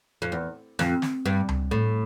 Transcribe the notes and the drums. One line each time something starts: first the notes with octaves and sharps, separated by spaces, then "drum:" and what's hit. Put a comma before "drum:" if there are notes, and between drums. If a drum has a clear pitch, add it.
F2
E2
F2, drum: snare
drum: snare
G2
drum: tom C#2
A2